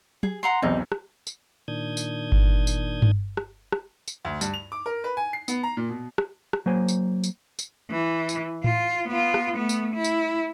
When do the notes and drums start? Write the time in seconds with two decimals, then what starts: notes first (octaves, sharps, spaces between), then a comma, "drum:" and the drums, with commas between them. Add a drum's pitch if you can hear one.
0.23 G#4, drum: tom
0.43 F#5 A#5 C6
0.62 B1 E2 C4 D#4
0.92 drum: rim click
1.27 drum: tambourine
1.68 A#2 D#3 D4 D#6 G6 G#6
1.97 drum: tambourine
2.32 drum: kick G1
2.67 drum: tambourine
3.02 drum: tom G2
3.37 drum: rim click
3.72 drum: rim click
4.08 drum: tambourine
4.25 D2
4.41 G2, drum: tambourine
4.54 F7
4.72 D6
4.86 A#4
5.04 B4
5.17 G#5
5.33 C7
5.48 B3, drum: tambourine
5.63 A#5
5.77 A#2
5.89 B2
6.18 drum: rim click
6.53 drum: rim click
6.66 F#3 A#3 C5 G#5
6.88 drum: tambourine
7.24 drum: tambourine
7.59 drum: tambourine
7.90 E3
8.29 drum: tambourine
8.64 F4, drum: tom A2
9.08 B3 F4
9.34 drum: rim click
9.56 A3 B3
9.69 drum: tambourine
9.95 E4
10.04 drum: tambourine